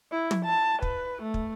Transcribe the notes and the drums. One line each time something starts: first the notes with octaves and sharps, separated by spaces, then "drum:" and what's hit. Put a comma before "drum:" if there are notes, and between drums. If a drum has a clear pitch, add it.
E4
drum: tom
A5
B4, drum: kick
A3
drum: kick